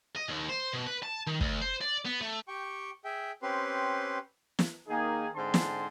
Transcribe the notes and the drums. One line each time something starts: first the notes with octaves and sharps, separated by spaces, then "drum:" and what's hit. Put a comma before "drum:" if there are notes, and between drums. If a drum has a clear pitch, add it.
D#5
D#2
C5
B2
B4
A5
D#3
D2, drum: kick
C5
D5
B3
A3
G4 G5 C#6
G#4 E5 G5
C4 C#4 G4 B4 C6
drum: snare
D#3 A#3 D#4 G#4
G#2 D3 C4 A5 C6
drum: snare